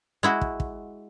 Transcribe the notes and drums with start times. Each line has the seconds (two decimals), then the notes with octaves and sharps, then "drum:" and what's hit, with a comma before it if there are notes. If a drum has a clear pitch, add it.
0.23 G#3 E4 F#4
0.41 drum: kick
0.60 drum: kick